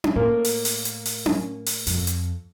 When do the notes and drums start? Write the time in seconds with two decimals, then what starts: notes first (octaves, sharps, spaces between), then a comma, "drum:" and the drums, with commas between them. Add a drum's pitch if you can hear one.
0.04 drum: tom C#4
0.16 A2 A#3
0.45 drum: open hi-hat
0.65 drum: open hi-hat
0.85 drum: hi-hat
1.05 drum: open hi-hat
1.26 drum: tom C#4
1.66 drum: open hi-hat
1.87 F2, drum: open hi-hat
2.07 drum: hi-hat